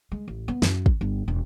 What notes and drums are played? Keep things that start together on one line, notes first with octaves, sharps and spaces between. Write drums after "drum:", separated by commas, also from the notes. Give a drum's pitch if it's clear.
G#3
A1
B3
F#2, drum: snare
drum: kick
G1
E1